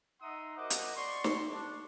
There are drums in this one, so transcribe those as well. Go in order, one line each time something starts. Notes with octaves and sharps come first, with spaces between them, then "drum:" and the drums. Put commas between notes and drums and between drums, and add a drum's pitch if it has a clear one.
D#4 E5 F#5 A#5 C6 D#6
F#4 A#4 C5 D#5 F#5 D6
drum: hi-hat
D5 C6 C#6
drum: snare
D4